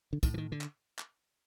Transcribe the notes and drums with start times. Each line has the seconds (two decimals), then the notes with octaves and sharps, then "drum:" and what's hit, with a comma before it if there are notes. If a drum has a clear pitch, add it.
0.13 D3
0.23 A2 D#3, drum: kick, tambourine
0.34 E3
0.38 D#3
0.52 D3
0.61 drum: clap
0.99 drum: clap